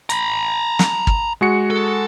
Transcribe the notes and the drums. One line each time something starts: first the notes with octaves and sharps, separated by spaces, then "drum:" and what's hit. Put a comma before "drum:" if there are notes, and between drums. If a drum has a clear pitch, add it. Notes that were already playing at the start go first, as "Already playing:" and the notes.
A#5 B5, drum: hi-hat
drum: snare
drum: kick
G#3 F#4 C#7
A4